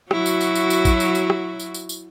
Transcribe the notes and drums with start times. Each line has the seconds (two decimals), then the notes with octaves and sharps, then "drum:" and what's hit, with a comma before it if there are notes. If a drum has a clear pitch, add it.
0.11 F#3 E4 F#4, drum: rim click
0.26 drum: tambourine
0.41 drum: tambourine
0.55 drum: tambourine
0.70 drum: tambourine
0.85 drum: kick A#1, tambourine
1.00 drum: tambourine
1.15 drum: tambourine
1.30 drum: rim click
1.60 drum: tambourine
1.74 drum: tambourine
1.89 drum: tambourine